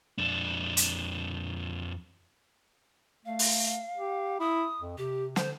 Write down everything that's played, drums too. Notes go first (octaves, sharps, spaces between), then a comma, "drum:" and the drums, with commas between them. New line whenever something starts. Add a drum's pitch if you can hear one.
F2 D4
drum: hi-hat
A3 F5
drum: open hi-hat
G4
E4 D#6
F2
C3 G4
D3 C5, drum: snare